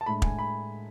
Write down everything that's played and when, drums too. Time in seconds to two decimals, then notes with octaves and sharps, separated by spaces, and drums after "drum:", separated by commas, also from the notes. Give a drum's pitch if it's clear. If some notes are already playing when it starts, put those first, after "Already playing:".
0.01 A5
0.06 A2 G#3 D4 B5
0.22 G#5, drum: kick
0.39 B5